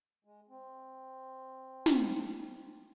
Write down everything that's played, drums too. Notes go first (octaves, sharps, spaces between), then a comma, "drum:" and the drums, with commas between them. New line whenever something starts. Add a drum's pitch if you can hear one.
G#3
C4
drum: snare